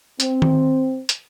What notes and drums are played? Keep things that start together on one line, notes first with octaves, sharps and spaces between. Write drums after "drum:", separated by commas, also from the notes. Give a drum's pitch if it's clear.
C4, drum: hi-hat
drum: tom D#3
drum: hi-hat